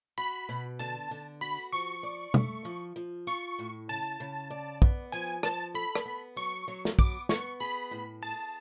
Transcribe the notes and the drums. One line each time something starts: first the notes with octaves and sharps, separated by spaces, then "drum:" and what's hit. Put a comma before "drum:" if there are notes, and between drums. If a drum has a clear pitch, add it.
F#4 B5
B2
D3 A5
D3
F#4 B5
F3 C#6
D5
A3, drum: tom
F3
F3
F4 C#6
A2
C#3 A5
C#3
D5
B3, drum: kick
F3 G#5
F3 A5, drum: rim click
A4 B5
drum: rim click
B3
F#3 C#6
F#3
drum: snare
B3 D6, drum: kick
B3 C#6, drum: snare
G#4 B5
A2
G#4 A5